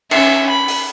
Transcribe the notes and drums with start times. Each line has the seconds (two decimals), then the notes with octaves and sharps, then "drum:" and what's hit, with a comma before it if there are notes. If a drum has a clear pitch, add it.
0.11 C#4 E5, drum: cymbal
0.50 B5
0.68 drum: open hi-hat